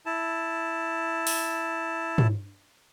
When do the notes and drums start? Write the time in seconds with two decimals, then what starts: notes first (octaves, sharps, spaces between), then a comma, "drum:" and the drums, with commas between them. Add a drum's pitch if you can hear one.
0.06 E4 A5
1.27 drum: open hi-hat
2.18 drum: tom